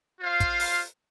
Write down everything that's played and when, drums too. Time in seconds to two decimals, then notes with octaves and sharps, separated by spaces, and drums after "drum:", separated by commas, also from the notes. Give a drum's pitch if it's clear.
0.21 F4 C5 F5
0.40 drum: kick, hi-hat
0.60 drum: open hi-hat